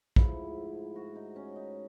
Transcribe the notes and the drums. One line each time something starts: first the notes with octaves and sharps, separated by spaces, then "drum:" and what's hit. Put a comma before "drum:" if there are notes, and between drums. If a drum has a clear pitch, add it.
G#2 F3 A3 E4, drum: kick
F#4
D#4
C#4
D#4